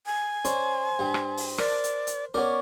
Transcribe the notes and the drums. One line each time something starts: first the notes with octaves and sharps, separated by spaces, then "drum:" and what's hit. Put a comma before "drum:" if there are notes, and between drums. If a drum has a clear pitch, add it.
G#5
C#4 C5 D5, drum: hi-hat
G2 G3
drum: rim click
drum: open hi-hat
A#4 D5, drum: rim click
drum: hi-hat
drum: hi-hat
B3 C#4 A#4 C#5 D5 D6